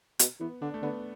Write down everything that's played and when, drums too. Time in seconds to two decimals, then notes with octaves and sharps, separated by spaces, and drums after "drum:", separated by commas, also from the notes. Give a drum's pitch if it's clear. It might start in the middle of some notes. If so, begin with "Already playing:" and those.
0.19 B2, drum: hi-hat
0.40 E3 B3
0.62 D3 D4
0.74 A3
0.82 D3 B3